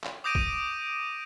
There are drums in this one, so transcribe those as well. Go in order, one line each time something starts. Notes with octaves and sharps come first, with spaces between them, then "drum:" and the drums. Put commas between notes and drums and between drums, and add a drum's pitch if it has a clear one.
drum: clap
D6 D#6 G6 A#6 D7 D#7
drum: kick